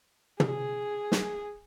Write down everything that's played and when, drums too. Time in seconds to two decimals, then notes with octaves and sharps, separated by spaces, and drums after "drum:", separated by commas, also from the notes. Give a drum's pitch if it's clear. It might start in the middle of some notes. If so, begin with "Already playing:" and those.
0.40 G#4, drum: tom
1.12 drum: snare